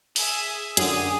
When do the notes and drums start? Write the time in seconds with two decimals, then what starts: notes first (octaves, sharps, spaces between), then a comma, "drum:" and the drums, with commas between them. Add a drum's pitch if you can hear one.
0.16 G#4 E5, drum: open hi-hat
0.77 F#2 D3 G4 G#4 D#6, drum: hi-hat